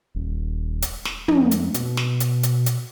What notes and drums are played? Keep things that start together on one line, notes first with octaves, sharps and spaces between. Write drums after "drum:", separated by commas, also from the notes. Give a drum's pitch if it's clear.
D#1
drum: hi-hat
drum: snare
F2, drum: tom
drum: hi-hat
B2, drum: hi-hat
drum: snare
drum: hi-hat
drum: hi-hat
drum: hi-hat